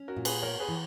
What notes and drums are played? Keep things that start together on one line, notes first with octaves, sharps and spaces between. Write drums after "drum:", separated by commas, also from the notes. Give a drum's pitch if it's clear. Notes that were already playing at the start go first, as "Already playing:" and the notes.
Already playing: C#4
F#4 A#4
A#2
G#4 B4, drum: cymbal
B3 A#4 C#5
G#4 B4
E3